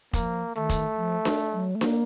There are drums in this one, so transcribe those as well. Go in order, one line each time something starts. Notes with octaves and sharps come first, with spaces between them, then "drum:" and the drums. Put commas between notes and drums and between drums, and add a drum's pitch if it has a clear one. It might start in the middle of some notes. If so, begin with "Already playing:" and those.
F3 A#3, drum: kick F1, hi-hat
D#3 A3
drum: kick F1, hi-hat
F3
drum: snare D4
F#3
A3
A#3, drum: snare D4